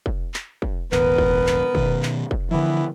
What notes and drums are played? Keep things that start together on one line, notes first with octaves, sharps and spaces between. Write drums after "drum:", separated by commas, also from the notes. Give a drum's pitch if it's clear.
drum: kick
drum: clap
drum: kick
E1 A1 B3 A#4 B4, drum: clap
drum: kick
drum: clap
B2 D#3, drum: kick
drum: clap
drum: kick
D3 E3 F3 B3 E4